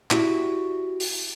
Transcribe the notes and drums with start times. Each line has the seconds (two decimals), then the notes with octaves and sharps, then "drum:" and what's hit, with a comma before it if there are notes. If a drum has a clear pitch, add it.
0.11 E4 F#4 G4 D5, drum: clap
1.00 drum: open hi-hat